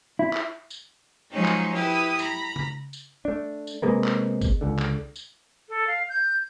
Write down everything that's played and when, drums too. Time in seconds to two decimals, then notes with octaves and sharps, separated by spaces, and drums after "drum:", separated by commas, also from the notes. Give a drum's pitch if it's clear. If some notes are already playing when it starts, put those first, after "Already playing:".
0.19 E4
0.33 drum: clap
0.70 drum: tambourine
1.31 F3 F#3 G#3 C#4 D#4
1.45 drum: clap
1.73 E4 G4 B4 D#6
2.19 A#5 B5, drum: tambourine
2.56 drum: tom C#3
2.93 drum: tambourine
3.25 A3 D4
3.67 drum: tambourine
3.82 C3 G#3 A#3 B3
4.04 drum: clap
4.41 drum: kick G1, tambourine
4.61 C#2 D3
4.79 drum: clap
5.16 drum: tambourine
5.68 A4
5.87 F5
6.09 G6